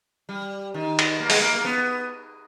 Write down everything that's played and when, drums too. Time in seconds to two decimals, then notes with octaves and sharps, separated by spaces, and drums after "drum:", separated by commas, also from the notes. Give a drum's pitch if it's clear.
0.29 G3
0.74 D#3
0.99 drum: cymbal
1.20 A#3
1.30 G#3, drum: open hi-hat
1.40 A#3
1.55 A#3
1.65 B3